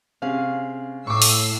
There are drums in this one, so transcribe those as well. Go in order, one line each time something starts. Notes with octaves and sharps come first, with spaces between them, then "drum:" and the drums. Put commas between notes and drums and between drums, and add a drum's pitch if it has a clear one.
C3 C#4 G#4 F5
A2 C#6 D6 E6 C7
drum: open hi-hat